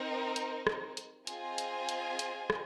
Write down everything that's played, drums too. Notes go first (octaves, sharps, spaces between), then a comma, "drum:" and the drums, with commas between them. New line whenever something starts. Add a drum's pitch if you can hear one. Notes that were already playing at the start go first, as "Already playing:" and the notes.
Already playing: C4 D#4 A#4
drum: hi-hat
drum: rim click
drum: hi-hat
C4 F4 G#4 D#5 G#5, drum: hi-hat
drum: hi-hat
drum: hi-hat
drum: hi-hat
drum: rim click